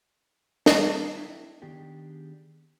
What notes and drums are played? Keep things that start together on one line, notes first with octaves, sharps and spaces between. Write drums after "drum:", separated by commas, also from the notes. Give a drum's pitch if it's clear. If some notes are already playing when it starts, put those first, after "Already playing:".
F#3 C#5, drum: snare
D4 E4 E5 G5
D#3 B3 D4 G4 G#4